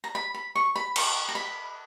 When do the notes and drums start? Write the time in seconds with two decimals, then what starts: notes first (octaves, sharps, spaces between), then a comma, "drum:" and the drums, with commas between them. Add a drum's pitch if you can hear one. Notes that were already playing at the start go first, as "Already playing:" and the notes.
0.04 A#5
0.15 B5
0.34 B5
0.55 C#6
0.76 B5
0.96 C#6, drum: cymbal
1.29 A#5
1.35 B5